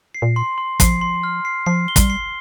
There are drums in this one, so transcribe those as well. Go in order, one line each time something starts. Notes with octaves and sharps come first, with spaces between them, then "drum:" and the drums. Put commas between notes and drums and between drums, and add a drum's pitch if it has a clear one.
C7
A#2
C6
C6
F3 C7, drum: kick, hi-hat
C6
F6
C7
F3 C7
G7
G3, drum: kick, hi-hat
C7